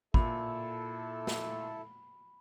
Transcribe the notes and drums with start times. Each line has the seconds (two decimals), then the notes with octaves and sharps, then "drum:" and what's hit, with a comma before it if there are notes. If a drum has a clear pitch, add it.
0.14 A#2 E4 A4 B5, drum: kick
1.27 drum: snare